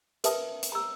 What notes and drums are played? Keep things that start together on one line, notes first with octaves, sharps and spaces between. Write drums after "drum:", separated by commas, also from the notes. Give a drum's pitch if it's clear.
A#4 B4 E5 A5 D#6, drum: hi-hat
drum: hi-hat
A#5 E6